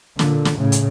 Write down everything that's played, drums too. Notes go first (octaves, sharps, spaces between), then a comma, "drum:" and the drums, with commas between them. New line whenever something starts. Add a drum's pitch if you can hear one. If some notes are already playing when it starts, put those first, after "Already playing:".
A#2 D3, drum: snare
drum: snare
A2 C#3
drum: hi-hat